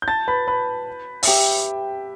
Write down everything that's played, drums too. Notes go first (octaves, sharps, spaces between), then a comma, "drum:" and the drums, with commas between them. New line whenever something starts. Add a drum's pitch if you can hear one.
G6
A5 A6
B4 B5
B4 B5
E5, drum: open hi-hat
G4 G5